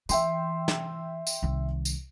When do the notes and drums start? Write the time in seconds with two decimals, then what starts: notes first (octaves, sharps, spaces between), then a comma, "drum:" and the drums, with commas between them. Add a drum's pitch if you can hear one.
0.09 E3 E5 G5 C6, drum: tambourine
0.68 drum: snare
1.27 drum: tambourine
1.42 C2 D#3
1.85 drum: tambourine